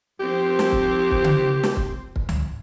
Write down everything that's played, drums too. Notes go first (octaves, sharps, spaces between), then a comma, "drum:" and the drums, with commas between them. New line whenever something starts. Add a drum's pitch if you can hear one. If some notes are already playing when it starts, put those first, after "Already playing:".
F3 C4 G4 C5
drum: snare
drum: kick
drum: kick
drum: tom C#3
drum: snare
drum: kick
drum: kick
drum: tom C#2